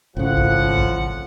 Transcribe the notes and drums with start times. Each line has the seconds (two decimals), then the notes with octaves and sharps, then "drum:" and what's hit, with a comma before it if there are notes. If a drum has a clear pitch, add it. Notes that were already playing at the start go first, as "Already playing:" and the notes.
0.17 G#1 A2 C#3 F3 F#5
0.37 drum: kick G1
0.77 drum: kick G1